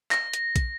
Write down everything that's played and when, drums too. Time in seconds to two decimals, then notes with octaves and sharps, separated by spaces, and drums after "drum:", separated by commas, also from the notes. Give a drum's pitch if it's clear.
0.11 A#6, drum: clap
0.34 drum: hi-hat
0.56 drum: kick, hi-hat